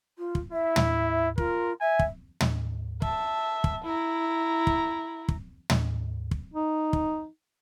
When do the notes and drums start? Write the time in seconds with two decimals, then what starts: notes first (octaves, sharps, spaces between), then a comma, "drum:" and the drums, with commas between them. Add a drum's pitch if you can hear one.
0.18 F4
0.35 drum: kick
0.52 E4 E5
0.76 drum: tom
1.38 F4 A#4, drum: kick
1.81 E5 G#5
1.99 drum: kick
2.41 drum: tom
3.02 E5 A5, drum: kick
3.64 drum: kick
3.84 E4 A#5
4.67 drum: kick
5.28 drum: kick
5.70 drum: tom
6.31 drum: kick
6.54 D#4
6.93 drum: kick